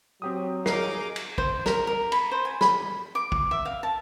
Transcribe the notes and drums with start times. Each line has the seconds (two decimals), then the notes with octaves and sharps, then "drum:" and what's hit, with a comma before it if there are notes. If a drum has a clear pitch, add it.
0.22 F#3 C4 G4 D#6
0.66 D#4 G#4 A#4 D6 C7, drum: snare
1.16 drum: cymbal
1.38 C5, drum: kick
1.66 A#4, drum: snare
1.87 A#4
2.12 B5, drum: cymbal
2.31 C5
2.45 G#5
2.61 B5, drum: snare
3.15 D6
3.32 drum: kick
3.51 E5
3.65 F5
3.83 A5